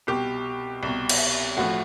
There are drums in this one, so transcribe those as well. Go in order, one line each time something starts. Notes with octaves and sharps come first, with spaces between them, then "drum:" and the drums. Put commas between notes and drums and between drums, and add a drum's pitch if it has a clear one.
C2 B2 G4
C2 B2
drum: cymbal
A1 A2 F3 F#4